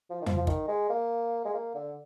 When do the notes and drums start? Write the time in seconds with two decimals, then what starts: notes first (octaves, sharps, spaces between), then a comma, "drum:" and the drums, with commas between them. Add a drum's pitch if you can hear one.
0.10 F3
0.22 D#3
0.26 F3, drum: tom F2
0.37 F3
0.47 D#3, drum: kick
0.68 G#3
0.90 A#3
1.45 G#3
1.54 A#3
1.75 D3